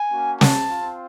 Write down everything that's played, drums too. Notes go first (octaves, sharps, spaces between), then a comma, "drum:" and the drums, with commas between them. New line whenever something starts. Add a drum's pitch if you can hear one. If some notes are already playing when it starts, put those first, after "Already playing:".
Already playing: G#5
A#3 C#4 F#4
A5, drum: snare
C4 F4